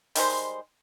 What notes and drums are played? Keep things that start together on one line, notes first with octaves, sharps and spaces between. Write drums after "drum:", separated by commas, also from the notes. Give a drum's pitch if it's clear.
D#3 G3 G#3 C5, drum: open hi-hat